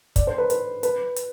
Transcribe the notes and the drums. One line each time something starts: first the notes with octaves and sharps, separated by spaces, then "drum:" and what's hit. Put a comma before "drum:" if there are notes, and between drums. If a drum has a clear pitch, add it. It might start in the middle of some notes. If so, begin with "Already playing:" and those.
D5, drum: kick, hi-hat
C5
B4
B4, drum: hi-hat
B4, drum: hi-hat
drum: hi-hat